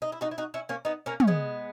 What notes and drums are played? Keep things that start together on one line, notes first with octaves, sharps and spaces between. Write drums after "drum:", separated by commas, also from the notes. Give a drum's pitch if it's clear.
D#4
E4
D#4 F#4
E4
D#4 F#4
C#4 E4
A#3 C#4
B3 D#4
A#3 C#4
C#4, drum: tom
G#3 B3